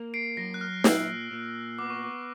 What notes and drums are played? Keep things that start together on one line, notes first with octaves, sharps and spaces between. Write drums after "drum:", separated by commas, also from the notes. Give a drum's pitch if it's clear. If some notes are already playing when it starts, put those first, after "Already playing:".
Already playing: A#3
C7 D7
F#3 A#6
F#6
F6
A#2 E6, drum: snare
A#2
B3 D6
C#6
D6